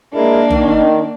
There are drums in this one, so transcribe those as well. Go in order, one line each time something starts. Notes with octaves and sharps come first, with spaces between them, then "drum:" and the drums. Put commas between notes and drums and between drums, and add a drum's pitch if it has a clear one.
G#3 A#3 D4 E4 A#4
D#3, drum: tom